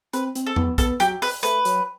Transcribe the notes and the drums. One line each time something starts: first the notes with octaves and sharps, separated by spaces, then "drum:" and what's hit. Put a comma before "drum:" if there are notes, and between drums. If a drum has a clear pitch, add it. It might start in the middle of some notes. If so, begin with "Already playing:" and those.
C4 B4, drum: hi-hat
C4, drum: hi-hat
A4
B3, drum: tom E2
B3 A4, drum: kick, hi-hat
F#3 G4, drum: hi-hat
B4, drum: open hi-hat
A3 B4, drum: hi-hat
F#3, drum: hi-hat